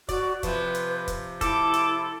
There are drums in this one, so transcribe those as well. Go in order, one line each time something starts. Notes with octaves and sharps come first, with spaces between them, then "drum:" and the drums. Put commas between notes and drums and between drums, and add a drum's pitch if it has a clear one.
F#4 D5, drum: kick, hi-hat
C3 F3 B4, drum: kick, hi-hat
drum: hi-hat
drum: kick, hi-hat
E4 A4 D6, drum: kick, hi-hat
drum: hi-hat